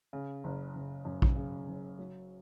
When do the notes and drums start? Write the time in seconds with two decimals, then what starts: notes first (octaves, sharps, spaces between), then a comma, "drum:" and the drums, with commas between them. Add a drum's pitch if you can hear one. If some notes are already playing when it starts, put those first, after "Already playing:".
0.13 C#3
0.44 F#1
0.75 F#1
1.05 F#2
1.22 drum: kick A#1
1.36 C#3
1.68 F#1
1.99 F#3